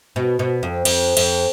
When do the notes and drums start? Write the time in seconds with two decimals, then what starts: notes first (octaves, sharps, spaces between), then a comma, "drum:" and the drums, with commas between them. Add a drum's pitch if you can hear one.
0.16 B2
0.39 B2
0.63 F2
0.85 F2, drum: cymbal
1.17 F2, drum: cymbal